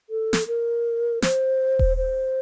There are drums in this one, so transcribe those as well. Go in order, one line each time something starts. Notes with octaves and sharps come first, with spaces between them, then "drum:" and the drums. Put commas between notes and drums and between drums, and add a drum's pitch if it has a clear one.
A4
drum: snare
A#4
C5, drum: snare
drum: kick D#1
C5